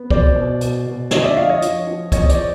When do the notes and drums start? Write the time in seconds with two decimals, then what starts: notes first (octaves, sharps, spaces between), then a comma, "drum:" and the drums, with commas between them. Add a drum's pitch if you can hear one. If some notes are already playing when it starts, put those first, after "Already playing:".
Already playing: B3
0.10 B2 C5 D5, drum: kick
0.36 B2
0.61 B2, drum: hi-hat
0.86 B2
1.11 D3 C#5 D#5, drum: snare
1.24 D5 E5
1.37 F3 D#5 F5
1.49 C#5 D#5
1.62 F3, drum: hi-hat
1.87 F3
2.12 E2 C#5 D#5, drum: kick, hi-hat
2.29 C5 D5, drum: hi-hat